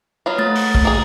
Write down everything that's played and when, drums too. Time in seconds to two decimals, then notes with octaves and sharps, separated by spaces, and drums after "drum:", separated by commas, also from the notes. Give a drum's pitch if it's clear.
0.26 F#3 B3 F4
0.38 A3 A6
0.55 drum: open hi-hat
0.75 drum: kick
0.85 A#3 G#4